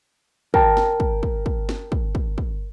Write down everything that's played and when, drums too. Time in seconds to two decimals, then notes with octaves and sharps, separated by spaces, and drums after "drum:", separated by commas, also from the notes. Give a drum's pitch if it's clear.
0.54 A#4 G5 A5, drum: kick
0.77 drum: snare
1.00 drum: kick
1.23 drum: kick
1.46 drum: kick
1.69 drum: snare
1.92 drum: kick
2.15 drum: kick
2.38 drum: kick